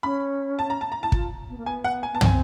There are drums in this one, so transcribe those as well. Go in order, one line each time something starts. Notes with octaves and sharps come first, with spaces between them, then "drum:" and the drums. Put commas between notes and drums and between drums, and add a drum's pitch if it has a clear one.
C#4 B5
A5
A#5
A5
A#5
E4 A5
F4, drum: kick
B3
A#3
B3 G#5
F#5
G#5
B3 A5
C4 G#5, drum: tom